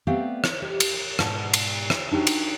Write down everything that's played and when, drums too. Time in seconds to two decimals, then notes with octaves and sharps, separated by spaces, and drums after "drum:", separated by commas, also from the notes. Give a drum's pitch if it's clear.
0.07 A3 B3 C4 G4 D5 F5
0.44 drum: rim click
0.62 G4
0.80 drum: cymbal
1.19 G#2 B2 D5 F#5 A5, drum: rim click
1.54 drum: cymbal
1.90 drum: rim click
2.11 D4 D#4 F#4 G4
2.27 drum: cymbal